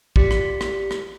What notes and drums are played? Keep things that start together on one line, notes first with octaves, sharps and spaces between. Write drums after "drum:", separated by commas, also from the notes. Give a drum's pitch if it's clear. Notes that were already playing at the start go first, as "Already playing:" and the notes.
F4 G4 D5 B6 C#7, drum: kick
drum: rim click
drum: rim click
drum: rim click